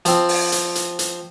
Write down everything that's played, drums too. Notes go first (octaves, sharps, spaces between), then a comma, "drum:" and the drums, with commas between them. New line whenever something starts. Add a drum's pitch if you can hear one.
F3 C4, drum: hi-hat
drum: open hi-hat
drum: hi-hat
drum: hi-hat
drum: hi-hat